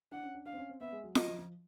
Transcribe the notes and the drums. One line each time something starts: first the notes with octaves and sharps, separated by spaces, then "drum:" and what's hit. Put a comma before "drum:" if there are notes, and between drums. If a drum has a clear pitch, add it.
D4 F#5
C#4
D4
D4 F5
C4
C#4
C4
B3 E5
G#3
F#3
F#3 D#5, drum: snare
F3
F3